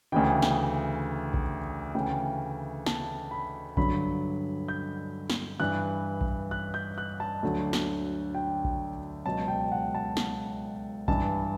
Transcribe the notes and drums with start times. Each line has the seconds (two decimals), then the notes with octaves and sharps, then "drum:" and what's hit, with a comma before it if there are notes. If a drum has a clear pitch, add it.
0.12 D2 C#3 E3 G5
0.42 drum: snare
1.34 drum: kick A#1
1.95 D2 C#3 E3 G5
2.86 A5, drum: snare
3.31 B5
3.77 G2 D3 F#3 B5, drum: kick A#1
4.68 G6
5.30 drum: snare
5.60 G2 E3 F#6
6.21 drum: kick A#1
6.51 F#6
6.74 G6
6.98 F#6
7.20 A5
7.43 D2 D3 F#3
7.73 drum: snare
8.35 G5
8.65 drum: kick A#1
9.25 C#2 B2 F#3 A5
9.48 G5
9.72 F#5
9.95 A5
10.17 drum: snare
11.08 G2 E3 A5, drum: kick A#1